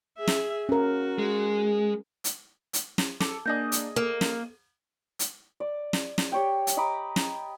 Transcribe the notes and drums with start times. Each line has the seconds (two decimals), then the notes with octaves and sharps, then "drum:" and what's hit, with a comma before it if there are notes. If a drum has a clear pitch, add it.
0.18 G#4 E5
0.27 drum: snare
0.69 C#4 F#4 A#4
1.18 G#3 G#4
2.24 drum: hi-hat
2.73 drum: hi-hat
2.98 drum: snare
3.20 A4 D6, drum: snare
3.46 A#3 D4 G#4 D5 D#5 G6
3.72 drum: hi-hat
3.96 A#3 A#4 D#7
4.21 drum: snare
5.19 drum: hi-hat
5.60 D5
5.93 drum: snare
6.18 drum: snare
6.32 G4 C#5 G5
6.67 drum: hi-hat
6.77 D#5 A#5 B5 D6
7.16 drum: snare